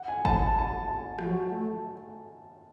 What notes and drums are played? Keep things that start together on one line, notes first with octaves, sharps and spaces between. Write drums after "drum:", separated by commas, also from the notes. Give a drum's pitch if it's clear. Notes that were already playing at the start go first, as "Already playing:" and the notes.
Already playing: F#5
G#5
A5, drum: kick G1
A5
A5
F3, drum: rim click
F#3
A3